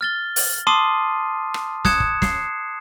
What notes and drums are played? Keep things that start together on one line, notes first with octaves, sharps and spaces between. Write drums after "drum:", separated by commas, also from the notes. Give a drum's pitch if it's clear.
F6 A6 G7
drum: open hi-hat
A5 C6 D6 D#6 C7 D#7
drum: rim click
D#6 F#6 G#6 C#7 E7, drum: snare
drum: kick
C7, drum: snare